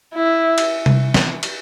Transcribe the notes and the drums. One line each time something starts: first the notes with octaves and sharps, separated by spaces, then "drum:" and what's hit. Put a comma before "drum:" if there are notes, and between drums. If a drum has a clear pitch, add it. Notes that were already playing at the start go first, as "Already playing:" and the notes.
E4
drum: cymbal
drum: tom C3
drum: snare E3
drum: cymbal